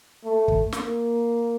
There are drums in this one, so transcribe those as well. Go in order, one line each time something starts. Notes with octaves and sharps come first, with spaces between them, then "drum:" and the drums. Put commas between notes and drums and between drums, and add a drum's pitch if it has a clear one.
A3
drum: kick
A#3, drum: snare